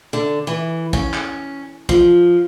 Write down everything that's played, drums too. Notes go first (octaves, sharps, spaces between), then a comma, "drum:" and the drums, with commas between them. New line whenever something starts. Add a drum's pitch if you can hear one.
D3
E3
C#4, drum: kick
drum: clap
F3, drum: kick